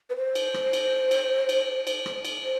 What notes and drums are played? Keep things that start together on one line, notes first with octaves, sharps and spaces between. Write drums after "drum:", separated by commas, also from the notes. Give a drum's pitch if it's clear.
B4
C5
drum: cymbal
drum: rim click
drum: cymbal
drum: cymbal
drum: cymbal
drum: cymbal
drum: rim click
drum: cymbal
C5